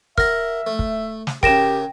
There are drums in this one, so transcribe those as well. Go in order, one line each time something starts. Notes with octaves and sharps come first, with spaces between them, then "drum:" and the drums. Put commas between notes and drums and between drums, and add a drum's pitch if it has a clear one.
A#4 E5 F#5 F6 A#6, drum: kick
A3
drum: kick
drum: snare
C#3 G4 A#4 G5 A#6 E7, drum: kick